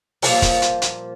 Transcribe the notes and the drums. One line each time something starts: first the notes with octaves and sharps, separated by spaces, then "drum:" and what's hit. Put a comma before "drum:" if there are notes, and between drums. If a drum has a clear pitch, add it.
A#2 F3 G3, drum: open hi-hat
drum: kick, hi-hat
drum: hi-hat
drum: hi-hat